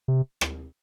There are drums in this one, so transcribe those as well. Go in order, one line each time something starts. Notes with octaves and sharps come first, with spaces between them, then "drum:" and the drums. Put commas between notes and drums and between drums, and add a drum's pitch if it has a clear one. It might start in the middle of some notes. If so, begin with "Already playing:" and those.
C3
drum: rim click